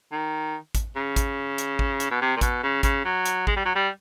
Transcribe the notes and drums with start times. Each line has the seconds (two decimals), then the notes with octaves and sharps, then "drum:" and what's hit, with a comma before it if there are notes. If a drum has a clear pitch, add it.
0.12 D#3
0.75 drum: kick, hi-hat
0.96 C#3
1.16 drum: kick, hi-hat
1.58 drum: hi-hat
1.79 drum: kick
2.00 drum: hi-hat
2.11 B2
2.21 C3
2.36 A#2
2.41 B2, drum: kick, hi-hat
2.63 C#3
2.83 C#3, drum: kick, hi-hat
3.05 F#3
3.26 drum: hi-hat
3.47 G#3, drum: kick
3.56 G3
3.65 F#3
3.76 G3